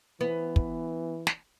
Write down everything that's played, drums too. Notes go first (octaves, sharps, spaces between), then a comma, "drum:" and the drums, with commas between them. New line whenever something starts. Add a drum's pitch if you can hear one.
E3 B3
drum: kick
drum: snare